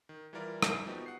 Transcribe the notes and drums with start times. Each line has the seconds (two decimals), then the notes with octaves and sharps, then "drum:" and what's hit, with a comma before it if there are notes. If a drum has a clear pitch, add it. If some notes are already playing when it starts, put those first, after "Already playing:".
0.09 D#3
0.33 E3 G3 E4 F4 A#4 D5
0.62 G3 A#3 G#4 E5, drum: rim click
0.86 F3 B3 D#4 F#4 G4
1.06 F#5 C7